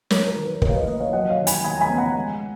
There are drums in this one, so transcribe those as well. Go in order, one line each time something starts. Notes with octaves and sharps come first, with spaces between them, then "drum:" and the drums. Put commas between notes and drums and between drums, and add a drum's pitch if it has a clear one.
F#3 A#4 C#5, drum: snare
A#4
D#3
B4
D#2 A#4 C#5, drum: kick
F5
B4 D#5
A#3 B4 D#5
C#5 F5
F#3 D#5 F#5
C#5 F5
D#3
G#5 B5, drum: hi-hat
D#2 G#5 B5
A#5
G#5 B5
B3
F#5 A#5
G#3